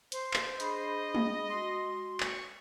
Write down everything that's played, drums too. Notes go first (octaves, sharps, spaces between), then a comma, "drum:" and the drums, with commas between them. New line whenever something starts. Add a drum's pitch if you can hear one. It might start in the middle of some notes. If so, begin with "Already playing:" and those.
C5, drum: hi-hat
drum: clap
D4 G#4 D#5 B5, drum: hi-hat
drum: tom
G#3 F#4 C6
C#6, drum: clap